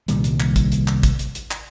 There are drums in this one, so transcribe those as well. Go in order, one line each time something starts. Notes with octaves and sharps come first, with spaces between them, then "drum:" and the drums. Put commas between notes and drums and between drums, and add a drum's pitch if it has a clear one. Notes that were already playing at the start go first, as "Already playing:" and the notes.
C2 A#2 D#3 G3, drum: hi-hat
drum: hi-hat
drum: clap
drum: kick, hi-hat
drum: hi-hat
drum: clap
drum: kick, hi-hat
drum: hi-hat
drum: hi-hat
drum: clap